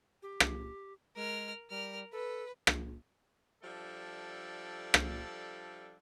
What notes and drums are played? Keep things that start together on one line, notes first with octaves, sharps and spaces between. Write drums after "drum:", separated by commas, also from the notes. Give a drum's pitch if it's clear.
G4
drum: rim click
G#3 A#4 F6
G3 A#4 F6
A4 B4
drum: rim click
F3 G3 A3 D4 A4
drum: rim click